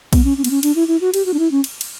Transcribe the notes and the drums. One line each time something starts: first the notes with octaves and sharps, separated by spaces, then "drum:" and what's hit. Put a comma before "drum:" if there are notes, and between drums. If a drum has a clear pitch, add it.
B3, drum: kick, cymbal
C#4
C#4
B3, drum: cymbal
C#4
D4, drum: cymbal
E4
E4
F#4
G4, drum: cymbal
F#4
D4
E4
C#4
drum: cymbal
drum: cymbal